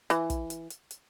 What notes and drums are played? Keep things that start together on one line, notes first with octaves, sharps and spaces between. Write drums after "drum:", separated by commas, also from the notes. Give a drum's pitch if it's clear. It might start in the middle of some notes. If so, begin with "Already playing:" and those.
E3, drum: hi-hat
drum: kick, hi-hat
drum: hi-hat
drum: hi-hat
drum: hi-hat